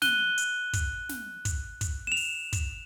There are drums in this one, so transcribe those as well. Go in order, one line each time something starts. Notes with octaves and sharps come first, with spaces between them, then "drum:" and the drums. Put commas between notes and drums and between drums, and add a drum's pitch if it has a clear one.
F#6 D#7 G7, drum: snare
drum: hi-hat
drum: kick, hi-hat
drum: snare
drum: kick, hi-hat
drum: kick, hi-hat
E7 F7
drum: open hi-hat
drum: kick, hi-hat